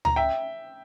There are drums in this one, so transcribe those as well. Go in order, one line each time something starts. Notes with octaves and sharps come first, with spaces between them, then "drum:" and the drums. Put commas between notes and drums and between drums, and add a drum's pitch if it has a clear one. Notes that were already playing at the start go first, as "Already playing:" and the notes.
A#5, drum: tom C#2
E5 G5